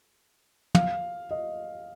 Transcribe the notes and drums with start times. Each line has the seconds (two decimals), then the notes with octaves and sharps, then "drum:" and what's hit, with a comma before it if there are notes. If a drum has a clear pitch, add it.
0.75 F5, drum: tom
1.31 D#5